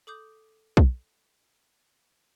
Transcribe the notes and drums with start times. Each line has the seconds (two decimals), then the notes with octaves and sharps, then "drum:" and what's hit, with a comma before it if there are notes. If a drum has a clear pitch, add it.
0.07 A4 D6 D#6 G6
0.77 drum: kick